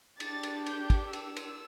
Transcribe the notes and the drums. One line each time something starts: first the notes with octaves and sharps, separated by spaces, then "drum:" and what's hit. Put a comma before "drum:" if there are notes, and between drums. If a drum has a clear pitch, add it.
D4 G4 A6, drum: cymbal
drum: cymbal
G6, drum: cymbal
drum: kick, cymbal
E6, drum: cymbal
drum: cymbal